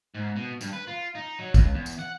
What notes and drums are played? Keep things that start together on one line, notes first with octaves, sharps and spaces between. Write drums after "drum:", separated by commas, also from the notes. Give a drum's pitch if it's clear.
G#2
B2
G2, drum: tambourine
B4
F4
D#4
F#3
C#2, drum: kick, tambourine
E2
drum: tambourine
F#5